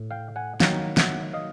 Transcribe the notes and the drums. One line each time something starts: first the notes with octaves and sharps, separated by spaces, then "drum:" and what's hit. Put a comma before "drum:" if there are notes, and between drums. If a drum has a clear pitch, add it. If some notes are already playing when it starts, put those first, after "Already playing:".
Already playing: A2
F5 G5
F#5 G#5
D#3 F#3 A#3 F5 G5, drum: snare
E5 F#5, drum: snare
D#5 F5